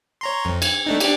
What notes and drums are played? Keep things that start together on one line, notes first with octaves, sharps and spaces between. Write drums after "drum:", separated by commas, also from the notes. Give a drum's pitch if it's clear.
C#5 A#5 C6
F2
G#6, drum: cymbal
A3 D4 D#4
D4 G4, drum: cymbal